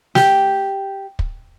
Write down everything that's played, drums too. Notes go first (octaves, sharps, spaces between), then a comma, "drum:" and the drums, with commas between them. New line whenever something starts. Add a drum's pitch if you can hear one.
G4, drum: snare
drum: kick